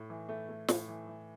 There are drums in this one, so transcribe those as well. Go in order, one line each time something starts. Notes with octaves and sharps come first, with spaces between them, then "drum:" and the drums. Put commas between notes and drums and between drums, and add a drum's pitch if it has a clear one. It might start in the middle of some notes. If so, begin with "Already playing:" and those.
Already playing: A2
E3
A3
A3
A2, drum: snare
E3
E3